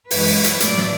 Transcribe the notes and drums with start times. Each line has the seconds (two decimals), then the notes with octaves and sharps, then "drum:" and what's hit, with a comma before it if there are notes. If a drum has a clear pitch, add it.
0.11 F#2 E3 G#3 B4, drum: open hi-hat
0.27 drum: open hi-hat
0.44 drum: hi-hat
0.60 A2 F#3 A3 D5, drum: hi-hat
0.78 drum: snare